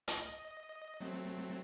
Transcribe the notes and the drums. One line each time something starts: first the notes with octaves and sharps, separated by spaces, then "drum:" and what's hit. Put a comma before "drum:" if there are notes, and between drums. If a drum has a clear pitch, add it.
D#5, drum: hi-hat
F#3 A3 C4